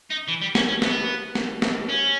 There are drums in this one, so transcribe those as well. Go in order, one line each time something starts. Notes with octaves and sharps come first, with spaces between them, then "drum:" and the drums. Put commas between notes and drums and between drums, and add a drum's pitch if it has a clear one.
D#4
E3
G3
C#4, drum: snare
C#4
B3, drum: snare
drum: snare
drum: snare
C#4